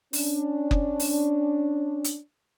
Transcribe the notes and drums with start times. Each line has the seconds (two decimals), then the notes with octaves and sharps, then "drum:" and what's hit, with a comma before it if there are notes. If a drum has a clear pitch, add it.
0.13 C#4 D4, drum: open hi-hat
0.71 drum: kick F#1
1.00 drum: open hi-hat
2.04 drum: hi-hat